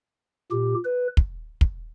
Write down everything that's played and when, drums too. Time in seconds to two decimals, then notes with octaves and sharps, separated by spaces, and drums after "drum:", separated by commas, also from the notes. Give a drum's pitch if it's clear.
0.51 A#2 G4
0.85 B4
1.17 drum: kick
1.61 drum: kick